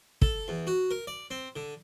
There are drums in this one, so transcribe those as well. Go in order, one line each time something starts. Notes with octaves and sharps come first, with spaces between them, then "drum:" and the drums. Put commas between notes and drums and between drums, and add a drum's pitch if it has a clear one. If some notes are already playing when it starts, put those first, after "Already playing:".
A4, drum: kick
E2
F#4
A#4
D5
C4
D3